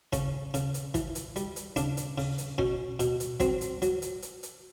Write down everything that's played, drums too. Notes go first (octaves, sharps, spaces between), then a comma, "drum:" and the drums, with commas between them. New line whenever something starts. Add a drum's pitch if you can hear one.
C#3 C#4, drum: kick, hi-hat
C#3, drum: hi-hat
drum: hi-hat
E3, drum: kick, hi-hat
drum: hi-hat
G3, drum: hi-hat
drum: hi-hat
C#3 D4, drum: hi-hat
drum: hi-hat
C#3, drum: open hi-hat
drum: hi-hat
B2 C#4, drum: kick
B2, drum: hi-hat
drum: hi-hat
F#3 C4, drum: kick, hi-hat
drum: hi-hat
F#3, drum: hi-hat
drum: hi-hat
drum: hi-hat
drum: hi-hat